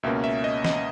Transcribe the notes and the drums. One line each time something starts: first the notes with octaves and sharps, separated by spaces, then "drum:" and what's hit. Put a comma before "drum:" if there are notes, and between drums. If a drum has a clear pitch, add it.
C#2 B2 A#3 C#4 E5
E5
D#5
D#5, drum: snare